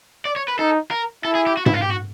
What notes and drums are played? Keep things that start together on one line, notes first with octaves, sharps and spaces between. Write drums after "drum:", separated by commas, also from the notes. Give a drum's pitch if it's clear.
D5
C#5
B4
D#4 A4
A#4
E4 A4
G#4
G4
F#4
E4, drum: tom G#2
F4
G4
F#4